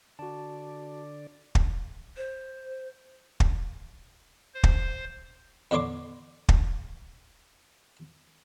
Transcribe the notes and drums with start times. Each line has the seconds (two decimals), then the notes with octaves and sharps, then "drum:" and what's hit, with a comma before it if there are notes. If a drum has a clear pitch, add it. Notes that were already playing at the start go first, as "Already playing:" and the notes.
0.19 D3 F#4 D5 A5
1.55 drum: kick
2.17 C5
3.40 drum: kick
4.54 C5
4.63 drum: kick
5.71 E2 D3 D4 C#5 C6 D6
6.49 drum: kick